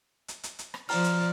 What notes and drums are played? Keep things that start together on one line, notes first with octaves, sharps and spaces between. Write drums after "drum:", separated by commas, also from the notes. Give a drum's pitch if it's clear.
drum: hi-hat
drum: hi-hat
drum: hi-hat
drum: rim click
F3 D5 A#5 F6, drum: open hi-hat
drum: hi-hat